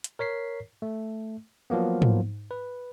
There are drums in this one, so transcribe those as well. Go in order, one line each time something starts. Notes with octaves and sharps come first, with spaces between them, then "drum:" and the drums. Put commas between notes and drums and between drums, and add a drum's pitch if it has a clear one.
drum: hi-hat
A#4 C#5 B6 C7
A3
F3 F#3 A#3 B3
drum: tom G#2
B4